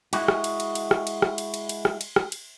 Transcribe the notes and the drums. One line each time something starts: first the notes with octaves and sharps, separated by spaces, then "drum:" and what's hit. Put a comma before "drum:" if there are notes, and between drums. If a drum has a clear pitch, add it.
G#3 E4 F#4, drum: cymbal
drum: rim click
drum: cymbal
drum: cymbal
drum: cymbal
drum: rim click
drum: cymbal
drum: rim click
drum: cymbal
drum: cymbal
drum: cymbal
drum: rim click
drum: cymbal
drum: rim click
drum: cymbal